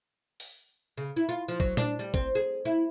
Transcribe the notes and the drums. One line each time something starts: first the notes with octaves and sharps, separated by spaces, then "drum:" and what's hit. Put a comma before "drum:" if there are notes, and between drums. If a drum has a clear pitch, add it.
drum: open hi-hat
C#3
E4
F4
F3
F#3, drum: kick
D4, drum: tom A#2
G3
C4, drum: kick
G#4
E4